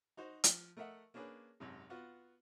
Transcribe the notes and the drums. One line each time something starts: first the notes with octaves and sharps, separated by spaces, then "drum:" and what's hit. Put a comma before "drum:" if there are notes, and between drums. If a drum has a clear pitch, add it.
D#4 F#4 C5
F3, drum: hi-hat
A3 A#4 D#5 E5 F#5
A#3 C#4 D4 G#4 B4
G#1 F#2 C3
B3 F4 F#4